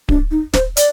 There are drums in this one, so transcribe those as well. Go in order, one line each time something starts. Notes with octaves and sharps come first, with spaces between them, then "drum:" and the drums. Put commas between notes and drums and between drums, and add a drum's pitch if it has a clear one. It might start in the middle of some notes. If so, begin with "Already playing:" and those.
D4, drum: kick D1
D#4
C5, drum: snare
D5, drum: hi-hat